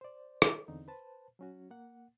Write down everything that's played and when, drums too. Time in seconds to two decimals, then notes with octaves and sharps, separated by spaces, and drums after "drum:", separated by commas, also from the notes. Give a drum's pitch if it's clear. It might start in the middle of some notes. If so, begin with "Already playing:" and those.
0.01 C5 D5
0.42 drum: rim click
0.68 E2 D3 C4 D#4
0.88 B4 C5 A5
1.39 F#3 C#4 F#4
1.71 A#3 F#5